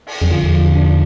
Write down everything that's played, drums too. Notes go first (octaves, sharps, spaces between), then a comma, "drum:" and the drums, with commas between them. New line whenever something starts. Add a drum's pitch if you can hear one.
drum: cymbal
G#4, drum: tom E2
E2 D3 F3 F4
F4
D4